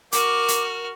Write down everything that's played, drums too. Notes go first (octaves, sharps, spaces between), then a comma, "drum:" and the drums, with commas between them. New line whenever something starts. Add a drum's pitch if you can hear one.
F#4 A#4 D6 F6, drum: hi-hat
drum: hi-hat